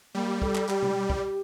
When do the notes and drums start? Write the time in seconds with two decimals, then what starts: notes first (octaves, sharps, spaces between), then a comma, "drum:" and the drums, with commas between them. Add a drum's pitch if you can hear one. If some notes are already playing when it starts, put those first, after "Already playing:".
0.15 G3 A#3
0.42 A4, drum: kick
0.55 drum: clap
0.69 G3 G4, drum: clap
0.83 drum: tom B2
1.10 drum: kick